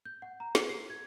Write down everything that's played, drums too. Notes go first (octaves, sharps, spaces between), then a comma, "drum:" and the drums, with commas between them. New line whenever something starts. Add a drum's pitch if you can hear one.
G6
F#5
A#5
C7, drum: snare
C7
G#6